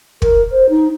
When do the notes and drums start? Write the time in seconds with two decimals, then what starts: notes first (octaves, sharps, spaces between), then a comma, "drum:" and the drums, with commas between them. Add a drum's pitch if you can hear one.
0.22 A#4, drum: kick
0.52 C5
0.69 D#4